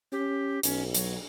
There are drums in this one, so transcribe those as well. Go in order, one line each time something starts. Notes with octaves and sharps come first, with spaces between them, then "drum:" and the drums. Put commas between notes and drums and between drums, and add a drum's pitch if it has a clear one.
C#4 G4
B1 C#4, drum: hi-hat
F#3, drum: hi-hat